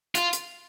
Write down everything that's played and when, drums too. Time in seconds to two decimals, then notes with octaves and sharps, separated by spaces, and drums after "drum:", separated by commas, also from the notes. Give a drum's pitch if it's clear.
0.15 F4, drum: hi-hat
0.33 drum: hi-hat